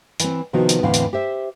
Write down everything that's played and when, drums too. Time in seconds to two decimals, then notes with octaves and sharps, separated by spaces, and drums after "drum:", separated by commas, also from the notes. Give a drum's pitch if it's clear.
0.20 E3 C4, drum: hi-hat
0.53 C3 D#3 F3 B3 D#4 F#4
0.69 drum: hi-hat
0.83 E2 A2 D3 E3 C4 F5
0.94 drum: hi-hat
1.13 G4 C5 E5